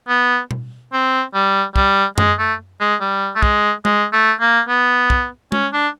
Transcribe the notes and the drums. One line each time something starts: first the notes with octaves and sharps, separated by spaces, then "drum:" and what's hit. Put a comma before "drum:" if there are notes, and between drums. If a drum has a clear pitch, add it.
B3
drum: tom B2
C4
G3
G3, drum: kick
G#3, drum: tom F#2
A3
G#3
G3
A3
G#3, drum: kick
G#3, drum: tom G#3
A3
A#3
B3
drum: kick
C#4, drum: tom G#3
D4